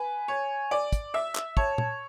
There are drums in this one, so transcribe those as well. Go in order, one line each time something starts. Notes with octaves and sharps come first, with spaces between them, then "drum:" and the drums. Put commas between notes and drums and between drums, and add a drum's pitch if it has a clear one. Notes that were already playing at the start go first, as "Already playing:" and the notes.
Already playing: B4 G#5
C#5
D5
drum: kick, hi-hat
E5
drum: clap
C#5 A5, drum: kick
drum: tom A#2